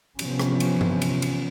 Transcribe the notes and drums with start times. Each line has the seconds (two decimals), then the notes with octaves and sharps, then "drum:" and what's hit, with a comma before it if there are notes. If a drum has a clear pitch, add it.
0.19 C3 E3 F3 B3 C#4, drum: cymbal
0.40 drum: rim click
0.60 drum: cymbal
0.81 drum: tom G2
1.02 drum: cymbal
1.22 drum: cymbal